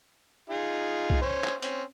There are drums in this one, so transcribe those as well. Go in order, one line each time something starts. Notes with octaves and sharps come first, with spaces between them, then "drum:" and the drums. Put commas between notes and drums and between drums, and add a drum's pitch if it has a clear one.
D#4 F4 G#4
drum: kick C2
C#4 C5 C#5
drum: clap
C4 C#4, drum: hi-hat